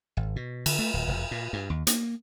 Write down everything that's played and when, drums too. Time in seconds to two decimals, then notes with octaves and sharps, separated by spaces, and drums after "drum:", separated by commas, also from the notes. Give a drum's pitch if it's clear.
0.17 G#1
0.36 B2
0.66 D3, drum: cymbal
0.79 A3
0.94 D1
1.08 E1
1.31 A#2
1.53 G2
1.70 D#2
1.87 A#3, drum: hi-hat